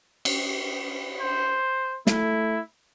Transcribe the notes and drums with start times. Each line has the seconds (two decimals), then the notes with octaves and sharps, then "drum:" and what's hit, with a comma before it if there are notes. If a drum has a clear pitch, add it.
0.25 drum: cymbal
1.20 C5
2.07 A3 E4, drum: snare